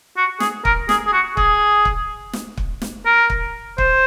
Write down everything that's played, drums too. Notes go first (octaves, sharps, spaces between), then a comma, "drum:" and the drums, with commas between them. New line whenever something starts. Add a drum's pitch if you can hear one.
F#4
G#4, drum: snare
A#4, drum: kick
G#4, drum: snare
G#4
F#4
G#4, drum: kick
drum: kick
drum: snare
drum: kick
drum: snare
A#4
drum: kick
C5, drum: kick